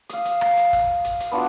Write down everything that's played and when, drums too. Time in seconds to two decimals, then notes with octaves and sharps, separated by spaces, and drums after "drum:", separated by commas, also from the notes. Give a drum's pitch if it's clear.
0.10 F5 D#6, drum: hi-hat
0.25 drum: hi-hat
0.41 drum: rim click
0.57 drum: hi-hat
0.73 drum: kick, hi-hat
1.05 drum: hi-hat
1.20 drum: hi-hat
1.32 B3 D4 F4 F#4